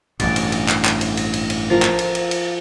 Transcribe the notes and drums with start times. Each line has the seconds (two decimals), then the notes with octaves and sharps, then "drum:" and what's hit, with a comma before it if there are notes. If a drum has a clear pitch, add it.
0.20 A1 G2 B2 D5, drum: cymbal
0.36 drum: cymbal
0.52 drum: cymbal
0.68 drum: clap
0.85 drum: clap
1.01 drum: cymbal
1.17 drum: cymbal
1.33 drum: cymbal
1.50 drum: cymbal
1.70 F3 A#4 A#5
1.82 drum: clap
1.99 drum: cymbal
2.15 drum: cymbal
2.31 drum: cymbal